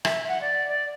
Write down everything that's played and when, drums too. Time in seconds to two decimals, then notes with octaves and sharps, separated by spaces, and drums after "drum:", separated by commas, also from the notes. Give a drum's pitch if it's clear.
0.05 E5, drum: rim click
0.28 F#5
0.41 D5
0.69 D5